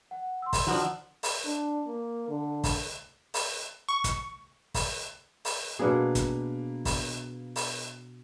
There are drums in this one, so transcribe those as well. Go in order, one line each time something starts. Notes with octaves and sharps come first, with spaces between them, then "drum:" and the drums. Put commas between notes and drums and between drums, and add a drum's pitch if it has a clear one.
F#5
C6 E6
drum: kick, open hi-hat
D#3 F3 D4 F#4
drum: open hi-hat
D4
A#3
D3
drum: kick, open hi-hat
drum: open hi-hat
C#6
drum: kick, hi-hat
drum: kick, open hi-hat
drum: open hi-hat
B2 A#3 D4 G#4 B4
drum: kick, hi-hat
drum: kick, open hi-hat
drum: open hi-hat